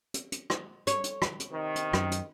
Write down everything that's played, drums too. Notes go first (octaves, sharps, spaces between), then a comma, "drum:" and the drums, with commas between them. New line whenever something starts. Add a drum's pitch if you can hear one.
drum: hi-hat
drum: hi-hat
drum: rim click
C#5, drum: hi-hat
drum: hi-hat
drum: rim click
drum: hi-hat
C3 D#3
drum: hi-hat
F#2, drum: rim click
drum: hi-hat